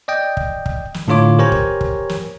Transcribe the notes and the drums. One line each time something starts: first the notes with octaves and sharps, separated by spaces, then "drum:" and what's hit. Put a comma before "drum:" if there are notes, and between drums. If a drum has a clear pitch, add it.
D5 D#5 G5
drum: kick
drum: kick
drum: snare
A2 D3 F4 C#5 D6
G4 A#4 C5 C#5 G#5 A#5
drum: kick
drum: kick
drum: snare